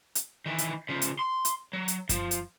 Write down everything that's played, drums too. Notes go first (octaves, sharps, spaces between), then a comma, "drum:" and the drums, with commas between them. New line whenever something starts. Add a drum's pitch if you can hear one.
drum: hi-hat
D#3 E3
drum: hi-hat
C#3 F3
drum: hi-hat
C6
drum: hi-hat
F#3
drum: hi-hat
F3, drum: kick F#2, hi-hat
drum: hi-hat